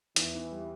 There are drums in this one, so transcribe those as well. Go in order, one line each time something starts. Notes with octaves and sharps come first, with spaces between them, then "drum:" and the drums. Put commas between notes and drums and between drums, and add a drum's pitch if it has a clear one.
E2 E3, drum: hi-hat
E2
G3